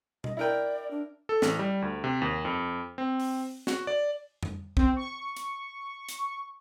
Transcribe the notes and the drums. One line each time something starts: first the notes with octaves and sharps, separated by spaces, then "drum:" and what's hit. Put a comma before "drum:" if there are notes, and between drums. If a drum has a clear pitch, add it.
D#5, drum: tom B2
E4 A#4 D5 G5
D4
A4
A1, drum: snare
G3
D2
C3
D#2
F2
C4
drum: open hi-hat
F#4, drum: snare
D5
drum: tom F2
C4, drum: kick
C#6
drum: hi-hat
drum: hi-hat